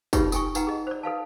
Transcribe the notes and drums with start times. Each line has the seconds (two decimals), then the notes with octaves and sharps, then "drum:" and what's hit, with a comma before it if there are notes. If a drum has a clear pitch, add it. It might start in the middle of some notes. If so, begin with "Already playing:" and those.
0.13 D#4 F4 G4 G#4 B4 C#5, drum: kick, tambourine
0.32 A4 G5 G#5 C#6, drum: tambourine
0.55 D#4 B4 F#5 G5 A#5, drum: tambourine
0.67 G#4 D#5
0.87 C5 D5
1.03 A4 B4 F5 A5